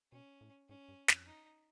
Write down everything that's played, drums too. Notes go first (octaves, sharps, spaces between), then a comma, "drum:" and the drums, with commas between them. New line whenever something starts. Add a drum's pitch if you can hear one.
B2 C#4
A2
G#2 C#4
G2
F2, drum: snare
D#4